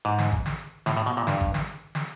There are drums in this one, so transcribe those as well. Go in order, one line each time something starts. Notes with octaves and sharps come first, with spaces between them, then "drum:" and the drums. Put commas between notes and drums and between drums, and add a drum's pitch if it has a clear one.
G#2
drum: snare
drum: kick G#1
drum: snare
A2, drum: snare
A2
B2
A#2
G2, drum: snare
drum: kick G#1
drum: snare
drum: snare